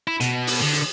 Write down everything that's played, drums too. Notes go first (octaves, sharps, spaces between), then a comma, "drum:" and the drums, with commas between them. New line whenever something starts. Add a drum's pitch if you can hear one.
E4
B2, drum: hi-hat
drum: open hi-hat
D3
drum: hi-hat